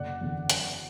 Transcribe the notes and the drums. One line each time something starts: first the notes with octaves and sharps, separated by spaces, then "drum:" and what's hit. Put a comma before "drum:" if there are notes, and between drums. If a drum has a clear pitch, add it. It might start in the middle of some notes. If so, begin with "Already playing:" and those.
Already playing: F#1 D5 F#5
E2 D3
F#2, drum: hi-hat